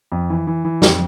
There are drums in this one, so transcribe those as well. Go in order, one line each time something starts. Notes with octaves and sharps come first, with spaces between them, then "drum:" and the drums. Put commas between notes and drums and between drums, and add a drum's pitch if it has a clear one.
F2
E3
E3
E3
F2, drum: snare